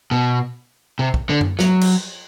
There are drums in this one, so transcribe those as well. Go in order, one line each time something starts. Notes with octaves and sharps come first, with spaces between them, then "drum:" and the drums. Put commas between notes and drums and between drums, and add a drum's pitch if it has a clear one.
B2
C3
drum: kick
D3
drum: tom F#2
F#3, drum: snare
drum: cymbal